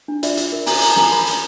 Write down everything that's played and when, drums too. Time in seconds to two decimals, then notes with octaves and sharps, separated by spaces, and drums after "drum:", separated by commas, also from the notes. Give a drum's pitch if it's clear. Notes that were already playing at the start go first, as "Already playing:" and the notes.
0.08 D4
0.23 F4 D5 E5, drum: hi-hat
0.37 F4, drum: hi-hat
0.52 A#4
0.66 C#4 G#5 A#5, drum: open hi-hat
0.81 A#4 G#5 A#5, drum: hi-hat
0.90 A5
0.96 F4 G#5 A#5, drum: snare
1.11 A#4 A5 B5
1.27 C#4, drum: hi-hat